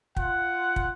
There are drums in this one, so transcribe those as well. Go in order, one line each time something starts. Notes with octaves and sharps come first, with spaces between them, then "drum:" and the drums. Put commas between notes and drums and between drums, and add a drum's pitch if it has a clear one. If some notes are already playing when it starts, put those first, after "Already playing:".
F4 F#5, drum: kick
drum: kick